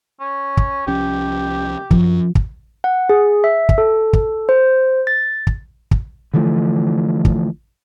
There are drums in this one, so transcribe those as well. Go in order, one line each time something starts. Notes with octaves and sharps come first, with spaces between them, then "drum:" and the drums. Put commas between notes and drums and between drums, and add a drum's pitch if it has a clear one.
C#4
drum: kick
C2 F3 C#4 G4
F#2 F3, drum: kick
drum: kick
F#5
G#4
E5
drum: kick
A4
drum: kick
C5
A6
drum: kick
drum: kick
D3 E3 F3 A3
drum: kick